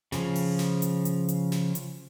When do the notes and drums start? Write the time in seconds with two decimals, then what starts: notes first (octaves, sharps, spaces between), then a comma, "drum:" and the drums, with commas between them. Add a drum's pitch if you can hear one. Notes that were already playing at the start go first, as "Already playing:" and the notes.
0.12 C#3 F3, drum: snare
0.35 drum: open hi-hat
0.59 drum: snare
0.82 drum: hi-hat
1.05 drum: hi-hat
1.28 drum: hi-hat
1.52 drum: snare
1.75 drum: hi-hat